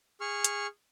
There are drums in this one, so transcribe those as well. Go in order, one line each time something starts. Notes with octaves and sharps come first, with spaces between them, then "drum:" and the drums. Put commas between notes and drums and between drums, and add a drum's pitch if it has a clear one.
G#4 C#6 F6
drum: hi-hat